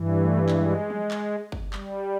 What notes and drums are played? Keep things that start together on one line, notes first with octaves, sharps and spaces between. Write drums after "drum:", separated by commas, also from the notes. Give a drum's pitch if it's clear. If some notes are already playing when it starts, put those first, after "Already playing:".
Already playing: G2 E3
A3
G#3, drum: clap
drum: tom
drum: clap
drum: kick
G3, drum: clap